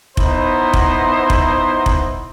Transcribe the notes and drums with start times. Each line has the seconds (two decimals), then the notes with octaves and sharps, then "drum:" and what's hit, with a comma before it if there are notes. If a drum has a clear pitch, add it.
0.17 B3 D#4 E4 C5, drum: kick F1
0.73 drum: kick F1
1.30 drum: kick F1
1.86 drum: kick F1